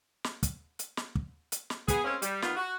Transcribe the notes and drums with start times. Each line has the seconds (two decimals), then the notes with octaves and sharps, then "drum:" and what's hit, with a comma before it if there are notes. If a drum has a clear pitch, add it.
0.24 drum: snare
0.43 drum: kick, hi-hat
0.79 drum: hi-hat
0.97 drum: snare
1.15 drum: kick
1.52 drum: hi-hat
1.70 drum: snare
1.88 B3 G#4, drum: kick, hi-hat
2.04 G#3 A#3 C4 C#4
2.22 G3, drum: hi-hat
2.42 D#3 A#3 B3 F4, drum: snare
2.56 F#4